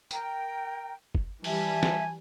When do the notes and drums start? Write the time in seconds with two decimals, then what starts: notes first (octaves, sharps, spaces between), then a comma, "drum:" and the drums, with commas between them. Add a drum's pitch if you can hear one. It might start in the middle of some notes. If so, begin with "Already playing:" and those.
0.11 A#4 G5, drum: tambourine
1.15 drum: kick
1.44 E3 G3 E5 G#5 A5, drum: open hi-hat
1.83 drum: snare